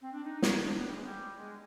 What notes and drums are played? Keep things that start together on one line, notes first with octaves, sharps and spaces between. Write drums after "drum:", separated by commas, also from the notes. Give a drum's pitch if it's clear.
C4
D4
D#4
drum: snare
D4
B3
G3
G#3
G3
G#3